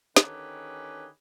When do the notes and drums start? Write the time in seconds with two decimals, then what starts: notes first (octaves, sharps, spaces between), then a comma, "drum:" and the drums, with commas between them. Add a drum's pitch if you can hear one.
0.16 D3 D#3 C#4 G4 G#4 B4, drum: snare